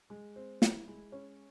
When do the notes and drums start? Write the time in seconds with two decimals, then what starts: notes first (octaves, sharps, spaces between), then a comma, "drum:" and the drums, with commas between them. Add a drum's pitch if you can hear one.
0.10 G#3
0.36 C4
0.62 E4, drum: snare
0.88 G#3
1.12 C#4